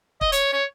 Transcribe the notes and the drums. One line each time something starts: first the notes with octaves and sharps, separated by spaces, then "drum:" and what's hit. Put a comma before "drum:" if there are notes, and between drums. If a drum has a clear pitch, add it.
D#5, drum: kick
C#5, drum: hi-hat
C#5